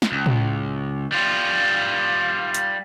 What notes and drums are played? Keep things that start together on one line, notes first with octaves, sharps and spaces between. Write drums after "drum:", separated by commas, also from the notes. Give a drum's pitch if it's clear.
drum: snare
C#2
drum: tom
G3 F4
drum: hi-hat